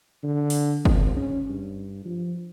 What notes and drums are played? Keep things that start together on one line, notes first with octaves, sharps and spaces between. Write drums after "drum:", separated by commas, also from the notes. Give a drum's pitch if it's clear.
D3
drum: open hi-hat
G#1, drum: kick
C#4
G2
F3